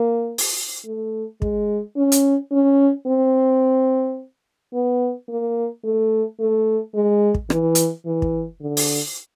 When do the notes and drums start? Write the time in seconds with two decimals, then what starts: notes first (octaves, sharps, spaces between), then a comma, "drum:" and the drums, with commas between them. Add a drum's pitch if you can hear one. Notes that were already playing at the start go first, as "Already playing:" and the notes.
Already playing: A#3
0.38 drum: open hi-hat
0.85 A3
1.42 G#3, drum: kick
1.97 C#4
2.12 drum: hi-hat
2.52 C#4
3.07 C4
4.74 B3
5.29 A#3
5.84 A3
6.40 A3
6.94 G#3
7.34 drum: kick
7.50 E3, drum: rim click
7.75 drum: hi-hat
8.06 E3
8.22 drum: kick
8.61 D3
8.77 drum: open hi-hat